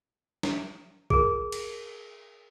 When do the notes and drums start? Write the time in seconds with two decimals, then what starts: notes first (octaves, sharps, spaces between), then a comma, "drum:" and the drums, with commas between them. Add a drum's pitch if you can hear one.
0.43 drum: snare
1.10 G#4 A#4, drum: kick
1.52 drum: cymbal